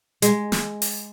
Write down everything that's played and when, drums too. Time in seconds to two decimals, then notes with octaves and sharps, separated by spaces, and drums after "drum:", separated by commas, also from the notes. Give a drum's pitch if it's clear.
0.22 G#3, drum: hi-hat
0.52 drum: snare
0.82 drum: open hi-hat